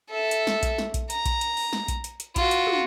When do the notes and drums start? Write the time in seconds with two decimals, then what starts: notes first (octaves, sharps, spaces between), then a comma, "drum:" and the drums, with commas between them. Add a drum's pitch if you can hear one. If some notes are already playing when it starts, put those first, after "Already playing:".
0.11 A4 E5
0.31 drum: hi-hat
0.47 drum: snare
0.63 drum: kick A#1, hi-hat
0.78 drum: snare
0.94 drum: kick A#1, hi-hat
1.10 A#5, drum: hi-hat
1.26 drum: kick A#1, hi-hat
1.41 drum: hi-hat
1.57 drum: open hi-hat
1.73 drum: snare
1.88 drum: kick A#1, hi-hat
2.04 drum: hi-hat
2.20 drum: hi-hat
2.36 F4 F#4, drum: kick A#1, hi-hat
2.51 drum: hi-hat
2.67 drum: tom